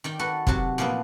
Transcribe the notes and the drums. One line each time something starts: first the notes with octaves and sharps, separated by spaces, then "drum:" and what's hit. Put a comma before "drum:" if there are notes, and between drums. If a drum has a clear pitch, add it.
D#3 D5 G5
F#4 A4 B4
C3 F#3 F#4 A5, drum: kick
A#2 E3 F3 A#3 B3